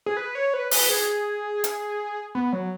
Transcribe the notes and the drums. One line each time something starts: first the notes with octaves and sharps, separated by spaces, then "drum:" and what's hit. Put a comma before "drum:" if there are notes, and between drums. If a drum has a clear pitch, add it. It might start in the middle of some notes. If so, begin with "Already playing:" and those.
G#4
B4
C#5
B4
B4, drum: open hi-hat
G#4
drum: hi-hat
B3
F#3